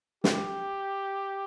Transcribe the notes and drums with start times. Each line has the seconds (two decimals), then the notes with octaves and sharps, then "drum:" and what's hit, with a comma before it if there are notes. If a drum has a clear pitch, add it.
0.24 G4, drum: snare